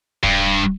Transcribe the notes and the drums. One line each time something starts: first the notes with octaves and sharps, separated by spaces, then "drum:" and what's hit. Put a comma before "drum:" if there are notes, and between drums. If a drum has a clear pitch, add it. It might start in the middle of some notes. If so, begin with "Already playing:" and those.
G2, drum: kick D1